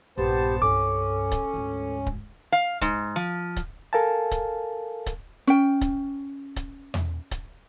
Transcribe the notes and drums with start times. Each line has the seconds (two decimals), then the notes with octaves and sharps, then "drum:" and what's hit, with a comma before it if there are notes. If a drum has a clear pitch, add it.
0.17 A#1 G2 B3 G4 C5 A5
0.62 C2 G2 C#4 A4 D6
1.32 drum: kick D1, hi-hat
1.54 D2 G#2
2.06 drum: kick D1
2.52 F5
2.81 G#2, drum: kick D1, hi-hat
3.16 F3
3.56 drum: kick D1, hi-hat
3.93 A4 A#4 F5 G#5 A5
4.31 drum: kick D1, hi-hat
5.06 drum: kick D1, hi-hat
5.47 C#4 G5
5.81 drum: kick D1, hi-hat
6.56 drum: kick D1, hi-hat
6.94 drum: tom E2
7.31 drum: kick D1, hi-hat